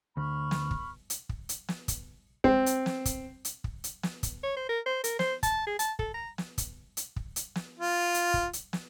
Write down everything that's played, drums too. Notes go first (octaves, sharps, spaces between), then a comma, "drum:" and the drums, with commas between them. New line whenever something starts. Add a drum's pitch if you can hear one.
D2 B5 C#6 F6
drum: snare
drum: kick
drum: hi-hat
drum: kick
drum: hi-hat
drum: snare
drum: kick, hi-hat
C4, drum: kick
drum: hi-hat
drum: snare
drum: kick, hi-hat
drum: hi-hat
drum: kick
drum: hi-hat
drum: snare
drum: kick, hi-hat
C#5
C5
A#4
C5
A#4, drum: hi-hat
C5, drum: snare
A5, drum: kick, hi-hat
G#4
A5, drum: hi-hat
A4, drum: kick
A#5
drum: snare
drum: kick, hi-hat
drum: hi-hat
drum: kick
drum: hi-hat
drum: snare
F4
drum: hi-hat
drum: kick
drum: hi-hat
drum: snare